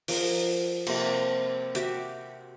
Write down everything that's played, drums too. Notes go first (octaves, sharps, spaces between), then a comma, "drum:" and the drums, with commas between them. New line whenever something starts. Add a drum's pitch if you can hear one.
F3 A#4, drum: open hi-hat
C3 A#3, drum: cymbal
F#4 G4 E5, drum: hi-hat